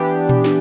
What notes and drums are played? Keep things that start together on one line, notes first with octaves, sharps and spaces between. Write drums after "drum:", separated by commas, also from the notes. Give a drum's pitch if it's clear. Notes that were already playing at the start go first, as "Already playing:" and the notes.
Already playing: E3 B3 D4 G4
drum: tom A#2
drum: snare